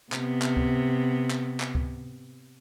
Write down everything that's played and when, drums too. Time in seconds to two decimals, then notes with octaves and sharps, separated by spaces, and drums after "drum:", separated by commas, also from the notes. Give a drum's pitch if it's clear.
0.12 C3 B3, drum: clap
0.42 drum: clap
0.57 drum: kick C#2
1.31 drum: clap
1.60 drum: clap
1.75 drum: kick C#2